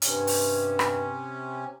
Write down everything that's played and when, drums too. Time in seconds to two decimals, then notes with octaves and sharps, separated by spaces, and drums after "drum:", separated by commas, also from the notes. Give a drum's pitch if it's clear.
0.02 G2 C3 C#4, drum: hi-hat
0.27 drum: open hi-hat
0.79 drum: rim click